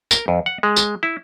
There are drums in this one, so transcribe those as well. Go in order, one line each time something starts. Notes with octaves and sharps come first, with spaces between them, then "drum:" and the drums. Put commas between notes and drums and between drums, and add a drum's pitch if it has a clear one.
A#4, drum: tambourine
F2
F#5
G#3
drum: tambourine
E4